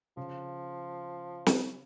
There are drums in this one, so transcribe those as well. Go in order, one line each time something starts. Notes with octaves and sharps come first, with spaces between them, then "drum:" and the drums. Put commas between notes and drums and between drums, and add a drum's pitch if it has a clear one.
C#3 F3
drum: snare